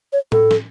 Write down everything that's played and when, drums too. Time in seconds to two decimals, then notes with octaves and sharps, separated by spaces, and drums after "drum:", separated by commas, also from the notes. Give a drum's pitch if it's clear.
0.13 C#5
0.32 A4, drum: tom A2
0.51 drum: snare